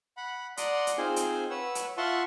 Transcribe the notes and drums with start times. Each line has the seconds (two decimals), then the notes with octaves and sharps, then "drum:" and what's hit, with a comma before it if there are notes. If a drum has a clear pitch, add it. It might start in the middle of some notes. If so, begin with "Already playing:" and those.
0.17 F#5 B5
0.57 D5 F#5 A#5 C6 D#6, drum: hi-hat
0.87 drum: hi-hat
0.98 C4 D#4 F4 G#4 C5 G#5
1.16 drum: hi-hat
1.50 B4 C#5 F#5 E6
1.75 drum: hi-hat
1.97 F4 E5 F#5 A5 C6 C#6